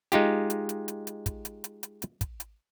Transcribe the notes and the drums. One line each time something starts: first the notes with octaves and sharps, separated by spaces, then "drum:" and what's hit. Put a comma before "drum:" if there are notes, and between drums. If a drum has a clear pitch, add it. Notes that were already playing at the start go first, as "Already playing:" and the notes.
G#3 D#4 F4 G4, drum: hi-hat
drum: hi-hat
drum: hi-hat
drum: hi-hat
drum: hi-hat
drum: kick, hi-hat
drum: hi-hat
drum: hi-hat
drum: hi-hat
drum: hi-hat
drum: kick, hi-hat
drum: hi-hat